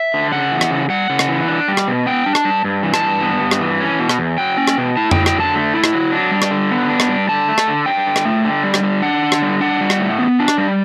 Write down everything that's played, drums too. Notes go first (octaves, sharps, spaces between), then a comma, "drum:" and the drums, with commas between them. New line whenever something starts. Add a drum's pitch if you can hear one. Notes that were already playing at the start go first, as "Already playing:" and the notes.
Already playing: E5
D3
C#3 F#5
E3
drum: rim click
C#3
G3 F#5
C#3
drum: rim click
E3
D4
G3
drum: rim click
B2
B3 G5
D4
A5, drum: rim click
G3
G2
E3
A5, drum: rim click
G2
B3
G2
drum: rim click
E3
C#4
B2
drum: rim click
E2
F#3 G5
C#4
drum: rim click
B2
E4 A5
F#3 G5, drum: tom F2
G5, drum: rim click
D3 A5
A3
E4
drum: rim click
F#3
D4
G3
drum: rim click
D3
B3
D4
drum: rim click
G3
D3 A5
A3
drum: rim click
D3
D4 G5
D3
drum: rim click
A3
D3
G3
drum: rim click
D3
D4 F#5
D3
drum: rim click
G3
D4 F#5
G3
drum: rim click
A2
B3
D4
drum: rim click
G3